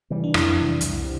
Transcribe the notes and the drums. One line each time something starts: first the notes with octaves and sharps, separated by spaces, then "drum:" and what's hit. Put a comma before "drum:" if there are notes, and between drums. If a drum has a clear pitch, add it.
C3 E3 G3
D4
F2 E4, drum: rim click
C3 E3 G3
C2, drum: hi-hat
C3